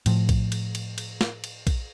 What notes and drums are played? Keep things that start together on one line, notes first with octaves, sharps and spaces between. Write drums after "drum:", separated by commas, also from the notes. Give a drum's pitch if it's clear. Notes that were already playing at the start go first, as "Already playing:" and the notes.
A2 F3, drum: cymbal
drum: kick A#1, cymbal
drum: cymbal
drum: cymbal
drum: cymbal
drum: snare
drum: cymbal
drum: kick A#1, cymbal